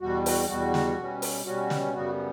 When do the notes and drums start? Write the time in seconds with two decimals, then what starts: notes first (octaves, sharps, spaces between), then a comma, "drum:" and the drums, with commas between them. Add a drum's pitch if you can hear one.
0.01 E2 B2 G3 F#4
0.26 F#4, drum: open hi-hat
0.49 E2 B2 G3 F#4
0.74 drum: snare
0.98 B2 G3 C#4
1.22 drum: open hi-hat
1.46 B2 G3 C#4 F#4
1.70 drum: snare
1.94 F#2 C#3 G3 B3 F#4